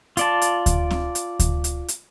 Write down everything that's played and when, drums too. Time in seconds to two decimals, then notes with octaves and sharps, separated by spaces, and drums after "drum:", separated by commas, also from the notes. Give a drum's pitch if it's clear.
0.17 F4 D5 A5, drum: hi-hat
0.42 drum: hi-hat
0.66 drum: kick D2, hi-hat
0.91 drum: snare C4
1.15 drum: hi-hat
1.39 drum: kick D2, hi-hat
1.64 drum: hi-hat
1.88 drum: hi-hat